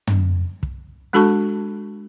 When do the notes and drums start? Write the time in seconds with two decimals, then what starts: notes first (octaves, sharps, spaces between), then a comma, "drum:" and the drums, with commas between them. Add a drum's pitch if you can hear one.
0.07 drum: tom
0.63 drum: kick
1.13 G#3 D4 F#4 A4 A5 C#6